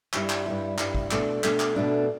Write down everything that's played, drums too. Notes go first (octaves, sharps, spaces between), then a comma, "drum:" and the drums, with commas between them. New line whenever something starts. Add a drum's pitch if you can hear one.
G2 G3 E4, drum: clap
drum: clap
G2 G3 E4
G2 G3 E4, drum: clap
drum: kick
B2 A3 D4, drum: clap
B2 A3 D4, drum: clap
drum: clap
B2 A3 D4